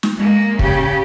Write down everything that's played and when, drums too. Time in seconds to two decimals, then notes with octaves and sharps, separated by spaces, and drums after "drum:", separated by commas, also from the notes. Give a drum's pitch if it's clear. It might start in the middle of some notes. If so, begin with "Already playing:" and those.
0.03 drum: snare
0.18 G#3 A#3
0.59 C#3 G4, drum: kick